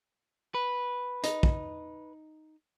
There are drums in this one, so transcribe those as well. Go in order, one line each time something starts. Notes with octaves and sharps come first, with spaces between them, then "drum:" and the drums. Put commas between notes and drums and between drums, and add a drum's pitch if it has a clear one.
B4
D#4, drum: hi-hat
drum: kick